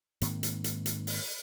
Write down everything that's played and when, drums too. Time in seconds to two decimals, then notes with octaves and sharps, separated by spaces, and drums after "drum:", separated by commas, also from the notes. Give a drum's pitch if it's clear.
0.21 G#2 D#3 A#3 C4, drum: hi-hat
0.43 drum: hi-hat
0.64 drum: hi-hat
0.86 drum: hi-hat
1.07 drum: open hi-hat